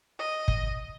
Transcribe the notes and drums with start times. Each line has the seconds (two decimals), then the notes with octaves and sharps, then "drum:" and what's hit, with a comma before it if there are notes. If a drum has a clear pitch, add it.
0.19 D#5
0.48 drum: kick